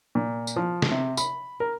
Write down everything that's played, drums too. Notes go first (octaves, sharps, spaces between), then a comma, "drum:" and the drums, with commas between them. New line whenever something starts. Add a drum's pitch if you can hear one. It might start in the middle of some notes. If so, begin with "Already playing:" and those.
A#2
drum: tambourine
F3
drum: snare
C3
B5, drum: tambourine
A#4